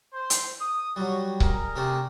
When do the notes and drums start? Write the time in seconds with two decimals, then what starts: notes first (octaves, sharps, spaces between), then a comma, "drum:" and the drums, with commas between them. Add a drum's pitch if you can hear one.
0.13 C5
0.30 drum: hi-hat
0.60 D#6
0.96 F#3 G3 F#4
1.40 G#4 A#4, drum: kick C#1
1.76 C3 A3 D4